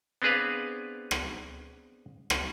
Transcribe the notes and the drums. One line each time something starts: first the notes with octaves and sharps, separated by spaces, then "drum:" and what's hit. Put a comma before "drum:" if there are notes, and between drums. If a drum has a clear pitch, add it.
B3 C4 D4 G#4 B4 F5
drum: rim click
drum: rim click